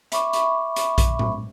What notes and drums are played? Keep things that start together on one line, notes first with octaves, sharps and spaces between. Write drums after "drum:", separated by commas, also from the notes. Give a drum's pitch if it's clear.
E5 B5 C#6 D6, drum: hi-hat
drum: hi-hat
drum: hi-hat
drum: kick A#1, hi-hat
drum: tom A2